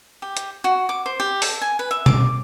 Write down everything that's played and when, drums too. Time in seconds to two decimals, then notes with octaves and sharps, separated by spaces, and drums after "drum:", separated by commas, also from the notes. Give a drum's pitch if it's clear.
0.22 G4
0.37 drum: hi-hat
0.64 F#4
0.89 D6
1.06 C5
1.20 G4
1.42 A4, drum: open hi-hat
1.61 G#5
1.79 B4
1.91 E5
2.06 D6, drum: tom B2